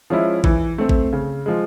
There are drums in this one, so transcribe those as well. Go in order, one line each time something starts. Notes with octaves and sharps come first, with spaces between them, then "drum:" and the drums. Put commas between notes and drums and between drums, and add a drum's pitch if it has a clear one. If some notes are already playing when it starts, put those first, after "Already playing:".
F3 G#3 C#4 E4
E3, drum: kick
A3 C4
drum: kick
C#3
F3 G#3